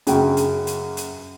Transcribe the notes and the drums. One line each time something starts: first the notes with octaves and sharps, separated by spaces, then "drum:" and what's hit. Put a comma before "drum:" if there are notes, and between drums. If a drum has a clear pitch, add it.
F#2 C#3 G5, drum: hi-hat
drum: hi-hat
drum: hi-hat
drum: hi-hat